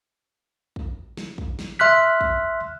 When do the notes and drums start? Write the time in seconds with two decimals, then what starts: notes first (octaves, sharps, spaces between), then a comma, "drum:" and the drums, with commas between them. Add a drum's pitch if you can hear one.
0.76 drum: kick
1.17 drum: snare
1.38 drum: kick
1.59 drum: snare
1.79 E5 C6 F6 F#6 B6, drum: tom A2
2.21 drum: kick